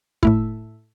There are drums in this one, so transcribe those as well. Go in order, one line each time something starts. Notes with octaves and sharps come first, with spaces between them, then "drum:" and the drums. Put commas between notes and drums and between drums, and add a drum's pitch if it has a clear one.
A2 A3 E4, drum: kick